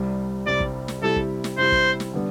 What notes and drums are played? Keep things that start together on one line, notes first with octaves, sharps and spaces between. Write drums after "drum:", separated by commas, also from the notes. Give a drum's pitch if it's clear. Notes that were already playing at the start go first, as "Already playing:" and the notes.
Already playing: C2 C3 G3
C2 C3 G3 D5
drum: kick
drum: snare
C3 G3 C4 E4 G4 A4
drum: kick
drum: snare
C3 G3 C4 E4 G4 C5
drum: kick
drum: snare
D3 G3 B3